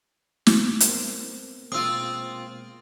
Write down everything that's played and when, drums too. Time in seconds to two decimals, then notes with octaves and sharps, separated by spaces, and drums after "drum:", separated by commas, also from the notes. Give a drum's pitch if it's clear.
0.47 drum: snare
0.80 B3 C4 A#4, drum: hi-hat
1.72 B2 G#3 A#3 C4 F4 D#6 E6